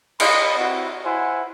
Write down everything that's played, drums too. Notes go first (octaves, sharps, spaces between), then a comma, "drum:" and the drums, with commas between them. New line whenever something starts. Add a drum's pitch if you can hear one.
D#5 B5, drum: cymbal
C4 E4 F#4 F#5
E4 C5 F#5 G#5